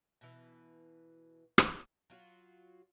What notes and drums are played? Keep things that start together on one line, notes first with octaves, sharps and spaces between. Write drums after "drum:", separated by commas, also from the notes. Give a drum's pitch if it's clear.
B2 E3
drum: rim click
F#3 F4 F#4